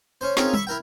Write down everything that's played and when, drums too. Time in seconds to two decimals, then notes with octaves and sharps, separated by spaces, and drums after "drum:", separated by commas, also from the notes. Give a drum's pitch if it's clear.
0.21 C#4 C5
0.37 C4 C#4 D#4 F4 G#4 A#4, drum: snare
0.54 E5 B5 C#6, drum: tom G3
0.67 E4 A#4 G5